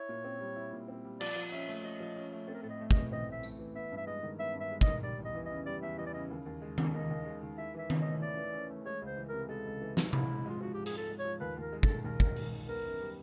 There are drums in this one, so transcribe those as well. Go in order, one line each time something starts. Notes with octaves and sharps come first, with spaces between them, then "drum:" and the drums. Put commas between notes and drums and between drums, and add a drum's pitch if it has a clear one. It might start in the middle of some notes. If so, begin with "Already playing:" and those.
Already playing: E4 C#5
A#2
C4
G3
E4
A#2
C4
G3
F3 D5, drum: cymbal
F3
C#4 E5
A3
F3 D#5
F3
C#4
A3
C4 A4
A#4
A2 A4
D#5
A3
D#5, drum: kick
E3
C4 D#5
A2 E5
A3, drum: tambourine
E3
B3 E5
G2
E5
G#3 D#5
D#3
B3 E5
G2
E5
G#3
D#5, drum: kick
D#3
G3 D5
E2
D#5
E3
D#5
C#3
G3 D5
E2 E5
E3 D#5
D5
C#3 D#5
D#2
D#2
G#3
D#3, drum: tom D#3
D#2 D#5
D#2
G#3
D#3
E4 E5
E3 E5
C#4, drum: tom D#3
D#5
A3
E4 D5
E3
C#4
A3
G#3 C#5
C#2
C5
E3
C3 A#4
G#3 A4
C#2
E3
C3, drum: snare
G#2 E4, drum: tom C3
G#2
G#3 F4
F3 F#4
G#2 G4
G#4, drum: hi-hat
G#2
A4
G#3
C#5
F3
D#2 B4
D#2 A#4
G#3
A4, drum: kick
D#3
D#2 A#4
D#2, drum: kick
G#3, drum: open hi-hat
D#3
B3 A#4
F#2
G3